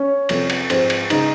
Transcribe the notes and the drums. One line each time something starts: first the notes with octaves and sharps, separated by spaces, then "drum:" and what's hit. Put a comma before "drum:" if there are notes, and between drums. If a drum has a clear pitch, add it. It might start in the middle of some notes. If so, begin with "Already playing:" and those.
Already playing: C#4
F2 C3 F3, drum: cymbal
drum: cymbal
G#2 F3 G#3 C4, drum: cymbal
drum: cymbal
C#3 G#3 D#4, drum: cymbal